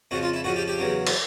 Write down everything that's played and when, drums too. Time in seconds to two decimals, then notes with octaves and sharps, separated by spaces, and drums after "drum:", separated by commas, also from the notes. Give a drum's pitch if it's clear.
0.11 F2 C#3 F3 F#4
0.23 F4
0.34 E4
0.44 F2 C#3 F3 F#4
0.56 G4
0.68 G4
0.78 E2 C#3 F#3
1.07 drum: cymbal